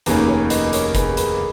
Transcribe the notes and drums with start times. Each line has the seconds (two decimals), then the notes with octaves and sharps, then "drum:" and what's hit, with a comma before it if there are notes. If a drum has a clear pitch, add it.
0.06 F1 D#2 D#3 A#3 C#4 G#4 B4, drum: hi-hat
0.28 A#4 C#5
0.50 B4 D#5, drum: hi-hat
0.73 A#4 C#5, drum: hi-hat
0.95 G#4 B4, drum: kick, hi-hat
1.17 G#4 B4, drum: hi-hat